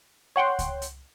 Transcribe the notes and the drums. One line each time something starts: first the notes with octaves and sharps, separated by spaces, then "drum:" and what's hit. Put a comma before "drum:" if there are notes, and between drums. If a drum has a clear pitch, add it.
C#5 F#5 G5 C6
drum: kick C#2, hi-hat
drum: hi-hat